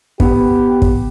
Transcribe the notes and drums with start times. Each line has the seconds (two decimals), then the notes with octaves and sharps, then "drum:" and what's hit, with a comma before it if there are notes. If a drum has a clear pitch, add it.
0.20 B3 G4, drum: kick
0.82 drum: kick